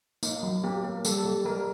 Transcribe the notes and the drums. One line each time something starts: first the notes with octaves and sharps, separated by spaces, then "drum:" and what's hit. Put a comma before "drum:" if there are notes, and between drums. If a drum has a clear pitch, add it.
A#3 D#4, drum: tambourine
F#3
A#3 G4
A#3
G3 A4, drum: tambourine
G3
G3 A#4